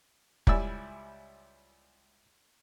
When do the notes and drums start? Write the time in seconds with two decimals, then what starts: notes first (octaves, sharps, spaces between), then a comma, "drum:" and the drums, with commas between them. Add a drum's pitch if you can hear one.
0.47 C#2 G3 E4 D5 G#5 E6, drum: kick